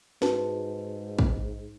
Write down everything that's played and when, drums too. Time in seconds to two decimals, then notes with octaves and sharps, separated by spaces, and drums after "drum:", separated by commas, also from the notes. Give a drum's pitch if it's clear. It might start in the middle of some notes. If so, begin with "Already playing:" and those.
0.22 G#2 F#4 B4 A5, drum: snare
1.19 drum: kick